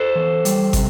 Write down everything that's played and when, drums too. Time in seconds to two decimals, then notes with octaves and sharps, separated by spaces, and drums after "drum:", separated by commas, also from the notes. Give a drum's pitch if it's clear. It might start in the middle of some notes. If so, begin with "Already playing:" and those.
Already playing: A4 C5
0.15 E3
0.45 G3, drum: hi-hat
0.73 C3, drum: kick, hi-hat